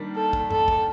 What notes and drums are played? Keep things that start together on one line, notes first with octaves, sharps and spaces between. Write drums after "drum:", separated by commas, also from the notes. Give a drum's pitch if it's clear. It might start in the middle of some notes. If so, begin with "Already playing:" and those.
Already playing: D#3 G3 A#3 D4
A4
drum: kick
A4, drum: tom F2
drum: kick